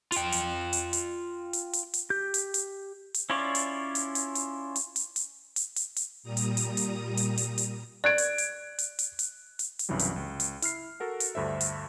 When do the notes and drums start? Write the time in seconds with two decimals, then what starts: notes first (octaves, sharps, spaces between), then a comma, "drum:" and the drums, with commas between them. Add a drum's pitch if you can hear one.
0.12 F4 G5, drum: hi-hat
0.32 drum: hi-hat
0.73 drum: hi-hat
0.93 drum: hi-hat
1.53 drum: hi-hat
1.73 drum: hi-hat
1.94 drum: hi-hat
2.10 G4 G6
2.34 drum: hi-hat
2.54 drum: hi-hat
3.14 drum: hi-hat
3.30 C#4 E4 F4 C#5 D5
3.55 drum: hi-hat
3.95 drum: hi-hat
4.15 drum: hi-hat
4.35 drum: hi-hat
4.76 drum: hi-hat
4.96 drum: hi-hat
5.16 drum: hi-hat
5.56 drum: hi-hat
5.76 drum: hi-hat
5.96 drum: hi-hat
6.23 A#2 G3 A#5 D#6
6.37 drum: hi-hat
6.57 drum: hi-hat
6.77 drum: hi-hat
7.17 drum: hi-hat
7.37 drum: hi-hat
7.58 drum: hi-hat
8.04 D5 F#6 G#6 D7
8.18 drum: hi-hat
8.38 drum: hi-hat
8.78 drum: hi-hat
8.99 drum: hi-hat
9.19 drum: hi-hat
9.59 drum: hi-hat
9.79 drum: hi-hat
9.89 C2 G2 C#3 E3 F#3 G3
9.99 drum: hi-hat
10.16 C#2
10.40 drum: hi-hat
10.62 E4 F6 C7, drum: hi-hat
11.00 F#4 A4 A#4 F#5
11.20 drum: hi-hat
11.35 D2 G2 D3 C5 E5
11.61 drum: hi-hat